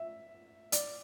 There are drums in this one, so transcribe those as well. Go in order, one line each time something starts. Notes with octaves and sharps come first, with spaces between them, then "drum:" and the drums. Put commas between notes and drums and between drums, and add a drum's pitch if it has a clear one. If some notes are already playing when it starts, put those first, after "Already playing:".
Already playing: E5
D5, drum: hi-hat